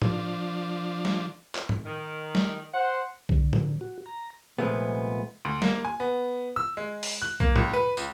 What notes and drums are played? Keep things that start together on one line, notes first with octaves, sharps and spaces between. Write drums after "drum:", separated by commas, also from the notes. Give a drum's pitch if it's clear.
F3 D4, drum: tom
drum: snare
drum: clap
drum: tom G#2
D#3
drum: snare
C5 F#5
D3, drum: kick B1
drum: tom
F#4
A#5
C2 A#2 F3 G#3 A3 B3
D2
A#3, drum: snare
G#5
B3
E6
G#3
drum: open hi-hat
F#6
A#3, drum: kick B1
C#2, drum: tom
B4
C#2, drum: tambourine